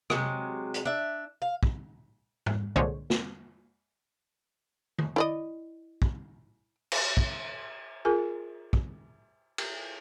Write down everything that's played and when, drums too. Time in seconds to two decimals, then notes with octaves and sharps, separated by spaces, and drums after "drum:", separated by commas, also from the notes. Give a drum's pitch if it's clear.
0.10 C3 F#3 G#3, drum: rim click
0.74 drum: hi-hat
0.85 D4 E5
1.42 F5
1.63 drum: kick
2.46 drum: tom G#2
2.76 C2 A#2 D3 G#3 C5 C#5
3.10 drum: snare
4.98 drum: tom D#3
5.16 E4 D5 D#5
6.02 drum: kick
6.92 drum: cymbal
7.17 drum: kick
8.05 F4 G#4 A#4 G#5
8.73 drum: kick
9.58 drum: cymbal